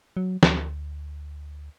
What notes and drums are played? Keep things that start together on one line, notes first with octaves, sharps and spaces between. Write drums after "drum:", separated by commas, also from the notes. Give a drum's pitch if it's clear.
F#3
D2, drum: snare